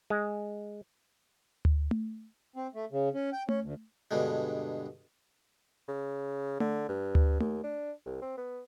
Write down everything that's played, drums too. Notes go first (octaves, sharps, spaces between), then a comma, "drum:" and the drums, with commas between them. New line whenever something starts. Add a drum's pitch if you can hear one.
G#3
drum: tom D2
drum: tom A3
C4
A3
C#3
C#4
G5
C#4, drum: tom A3
D2
G2 B2 D3 G#3
C#3
D3, drum: tom A3
G2
drum: tom D2
D#2, drum: tom A3
D4
C2
C4
B3